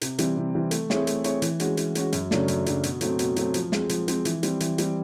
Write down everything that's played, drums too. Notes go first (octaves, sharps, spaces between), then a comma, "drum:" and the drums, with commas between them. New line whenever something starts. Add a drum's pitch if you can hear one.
C3, drum: hi-hat
E3 G3 C4, drum: hi-hat
C3
E3 G3 C4
A3, drum: hi-hat
C4 E4 G#4 C#5, drum: snare
A3, drum: hi-hat
C4 E4 G#4 C#5, drum: hi-hat
E3, drum: hi-hat
G#3 C#4 F#4, drum: hi-hat
E3, drum: hi-hat
G#3 C#4 F#4, drum: hi-hat
F#2, drum: hi-hat
C#3 F#3 A3 D4, drum: snare
F#2, drum: hi-hat
C#3 F#3 A3 D4, drum: hi-hat
B2, drum: hi-hat
F#3 A3 C4, drum: hi-hat
B2, drum: hi-hat
F#3 A3 C4, drum: hi-hat
F3, drum: hi-hat
G#3 C4, drum: snare
F3, drum: hi-hat
G#3 C4, drum: hi-hat
E3, drum: hi-hat
G3 C4, drum: hi-hat
E3, drum: hi-hat
G3 C4, drum: hi-hat